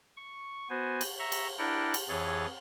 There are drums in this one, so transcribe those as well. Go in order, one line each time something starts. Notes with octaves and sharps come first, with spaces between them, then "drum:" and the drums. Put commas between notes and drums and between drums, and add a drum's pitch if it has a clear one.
C#6
B3 F#4 C5 G#5
drum: cymbal
E5 A#5 C#6
drum: cymbal
D4 E4 A#4 D5 F#5 G5
drum: cymbal
F2 E3 G#4 C#5 A6